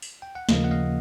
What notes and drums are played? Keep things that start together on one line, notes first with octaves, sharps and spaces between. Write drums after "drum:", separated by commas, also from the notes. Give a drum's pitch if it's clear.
drum: open hi-hat
G5
F#5
D#2 C#3 F3 A#3 D#5 F5, drum: snare
F#5
D#5 F5